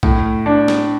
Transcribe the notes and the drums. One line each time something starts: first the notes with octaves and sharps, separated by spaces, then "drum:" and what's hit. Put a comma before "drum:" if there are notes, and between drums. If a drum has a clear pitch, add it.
A2, drum: kick
D4
drum: snare